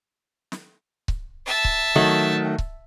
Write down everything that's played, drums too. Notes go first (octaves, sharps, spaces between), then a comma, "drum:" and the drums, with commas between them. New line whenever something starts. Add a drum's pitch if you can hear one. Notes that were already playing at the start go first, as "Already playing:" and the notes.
drum: snare
drum: kick C#1
E5 A5
drum: kick C#1
D#3 F#3 A3
drum: kick C#1